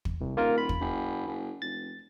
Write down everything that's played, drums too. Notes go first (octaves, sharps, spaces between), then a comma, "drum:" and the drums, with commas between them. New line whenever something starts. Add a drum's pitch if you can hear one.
drum: kick
C2
D#1 A#3 F4 A#4
B5
drum: kick
F#1
F#1
F1 A6